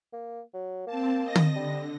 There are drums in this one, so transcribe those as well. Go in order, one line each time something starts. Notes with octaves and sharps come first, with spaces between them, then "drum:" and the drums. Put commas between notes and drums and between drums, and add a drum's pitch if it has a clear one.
A#3
F#3
A#3 C4 A5
D#5 A#6
drum: tom
D3 G3